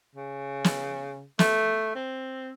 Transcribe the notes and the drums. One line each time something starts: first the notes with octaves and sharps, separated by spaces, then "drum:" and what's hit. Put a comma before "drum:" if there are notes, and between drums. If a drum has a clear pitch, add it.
C#3
drum: snare
A3, drum: snare
C4